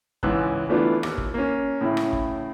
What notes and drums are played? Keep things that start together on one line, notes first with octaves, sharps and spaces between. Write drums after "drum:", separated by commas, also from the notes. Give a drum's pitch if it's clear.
C#2 G#2 E3 E6 F#6, drum: kick
E3 A3 B3 D4 E4 F4
D#2, drum: rim click
drum: kick
A#3 C#4
A2 C#3 E4
drum: rim click
drum: kick